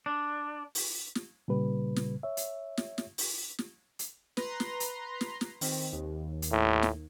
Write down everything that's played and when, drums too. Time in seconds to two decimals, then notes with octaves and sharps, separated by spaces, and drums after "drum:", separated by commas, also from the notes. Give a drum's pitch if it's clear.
0.06 D4
0.75 drum: open hi-hat
1.15 drum: snare
1.48 A#2 C#3 G3 B4
1.96 drum: snare
2.23 C#5 E5
2.37 drum: hi-hat
2.77 drum: snare
2.98 drum: snare
3.18 drum: open hi-hat
3.59 drum: snare
3.99 drum: hi-hat
4.37 B4 A#5 C6, drum: snare
4.60 drum: snare
4.80 drum: hi-hat
5.21 drum: snare
5.41 drum: snare
5.61 D#3 C4, drum: open hi-hat
5.93 D#2
6.42 drum: hi-hat
6.52 A2
6.83 drum: snare